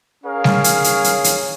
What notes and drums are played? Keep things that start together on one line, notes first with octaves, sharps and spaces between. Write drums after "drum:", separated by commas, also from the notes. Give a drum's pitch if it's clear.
C#4 G#4 A#4 C#5 F5
drum: snare G3
drum: hi-hat
drum: hi-hat
drum: hi-hat
drum: hi-hat